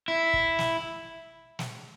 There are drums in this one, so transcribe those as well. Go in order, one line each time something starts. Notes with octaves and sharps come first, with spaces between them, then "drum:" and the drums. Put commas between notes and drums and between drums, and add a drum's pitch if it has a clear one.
E4
drum: kick
drum: snare
drum: snare